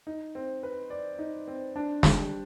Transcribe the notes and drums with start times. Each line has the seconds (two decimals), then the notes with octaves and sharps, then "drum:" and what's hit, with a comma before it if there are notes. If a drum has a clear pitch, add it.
0.07 D#4
0.35 C4
0.63 B4
0.90 D5
1.19 D#4
1.48 C4
1.76 D4
2.03 G3, drum: snare